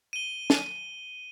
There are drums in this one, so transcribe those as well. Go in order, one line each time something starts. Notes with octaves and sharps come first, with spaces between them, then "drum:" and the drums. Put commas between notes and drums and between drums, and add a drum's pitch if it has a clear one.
D#7 G7
drum: snare